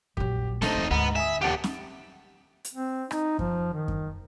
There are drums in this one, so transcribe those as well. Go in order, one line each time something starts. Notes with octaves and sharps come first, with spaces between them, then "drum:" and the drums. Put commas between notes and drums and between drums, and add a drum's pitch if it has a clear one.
A#1 F#3 G4, drum: kick F#2
A3 C4 D4 D#4 A4, drum: snare
F1 E2
D2 G#2 B3
E5 G#5 D#6
D#1 G4 A4 F#5 D7
drum: snare
drum: hi-hat
C4
D#4, drum: rim click
F3, drum: kick F#2
D#3
drum: kick F#2